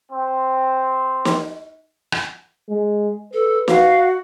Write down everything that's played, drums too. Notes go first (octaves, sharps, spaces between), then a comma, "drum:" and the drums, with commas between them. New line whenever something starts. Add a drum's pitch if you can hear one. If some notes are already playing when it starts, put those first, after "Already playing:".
C4
drum: snare
drum: rim click
G#3
A4 B4
F#4 F5, drum: snare